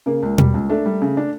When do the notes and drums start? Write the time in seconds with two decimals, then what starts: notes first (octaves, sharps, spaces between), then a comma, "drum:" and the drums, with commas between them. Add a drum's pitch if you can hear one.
0.06 C#3 A#3
0.23 C#2
0.38 G3, drum: tom B2
0.54 C#2
0.69 A3 D4
0.86 G3
1.02 C#3
1.17 D4